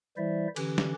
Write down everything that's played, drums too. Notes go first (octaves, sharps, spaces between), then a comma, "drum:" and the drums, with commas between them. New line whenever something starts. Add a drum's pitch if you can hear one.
E3 G3 E4 C5 D5 E5
D3 E3 C#4 G4 B4, drum: cymbal
drum: snare